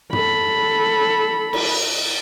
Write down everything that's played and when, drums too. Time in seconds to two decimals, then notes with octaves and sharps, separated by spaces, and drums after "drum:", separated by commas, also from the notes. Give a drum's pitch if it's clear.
0.13 A4 B5, drum: tom
1.53 drum: cymbal